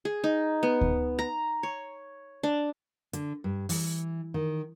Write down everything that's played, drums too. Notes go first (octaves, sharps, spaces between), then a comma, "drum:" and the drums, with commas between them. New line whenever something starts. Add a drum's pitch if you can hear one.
G#4
D#4
B3
drum: kick D2
A#5
C#5
D4
D3, drum: hi-hat
G2
E3, drum: open hi-hat
D#3